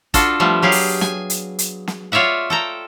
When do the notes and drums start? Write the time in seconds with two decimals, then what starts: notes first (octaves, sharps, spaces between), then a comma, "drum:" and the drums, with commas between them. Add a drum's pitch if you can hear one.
0.14 D4 F4 F#4 A4, drum: kick, hi-hat
0.40 F3 G3 A3 B3
0.62 F#3 G4 G#4 F5
0.72 drum: open hi-hat
1.01 G#5, drum: snare
1.30 drum: hi-hat
1.59 drum: hi-hat
1.88 drum: snare
2.12 F4 C#5 D5 E5 F#5
2.50 A4 G5 A#5